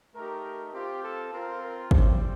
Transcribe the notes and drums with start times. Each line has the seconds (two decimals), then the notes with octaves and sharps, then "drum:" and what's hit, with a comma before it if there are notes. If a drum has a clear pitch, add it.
0.14 A3 D#4 G4 A#4
0.73 C4 F4 G4
1.03 A4
1.33 C4 F4 A#4
1.62 A#4
1.91 G3 C4 G4 C5, drum: kick G#1